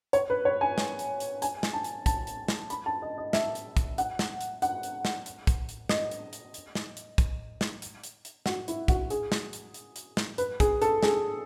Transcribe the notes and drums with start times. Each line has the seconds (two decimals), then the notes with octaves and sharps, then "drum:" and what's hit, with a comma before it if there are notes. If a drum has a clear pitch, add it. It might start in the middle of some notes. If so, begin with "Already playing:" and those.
0.13 C#5, drum: hi-hat
0.30 B4
0.45 C#5
0.61 G#5
0.78 drum: snare
0.99 drum: hi-hat
1.20 drum: hi-hat
1.42 G#5, drum: hi-hat
1.63 drum: snare
1.73 A5
1.84 drum: hi-hat
2.06 A5, drum: kick, hi-hat
2.27 drum: hi-hat
2.48 drum: snare
2.70 B5, drum: hi-hat
2.86 A5
3.02 D#5
3.18 D#5
3.33 E5, drum: snare
3.55 drum: hi-hat
3.77 drum: kick, hi-hat
3.98 F#5, drum: hi-hat
4.19 drum: snare
4.41 drum: hi-hat
4.62 F#5, drum: hi-hat
4.83 drum: hi-hat
5.05 drum: snare
5.26 drum: hi-hat
5.47 drum: kick, hi-hat
5.69 drum: hi-hat
5.89 D#5, drum: snare
6.11 drum: hi-hat
6.33 drum: hi-hat
6.54 drum: hi-hat
6.75 drum: snare
6.97 drum: hi-hat
7.18 drum: kick, hi-hat
7.61 drum: snare
7.82 drum: hi-hat
8.04 drum: hi-hat
8.25 drum: hi-hat
8.46 F#4, drum: snare
8.68 E4, drum: hi-hat
8.88 F#4, drum: kick, hi-hat
9.10 G#4, drum: hi-hat
9.32 drum: snare
9.53 drum: hi-hat
9.74 drum: hi-hat
9.96 drum: hi-hat
10.17 drum: snare
10.38 B4, drum: hi-hat
10.60 G#4, drum: kick, hi-hat
10.82 A4, drum: hi-hat
11.03 G#4, drum: snare